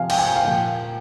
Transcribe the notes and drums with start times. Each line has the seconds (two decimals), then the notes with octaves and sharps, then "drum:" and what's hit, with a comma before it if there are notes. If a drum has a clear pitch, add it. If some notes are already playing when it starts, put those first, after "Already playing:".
Already playing: C3 F3 F5 G#5
0.10 G5, drum: cymbal
0.18 G#5
0.27 G5
0.36 F5
0.44 A#2 F3 G5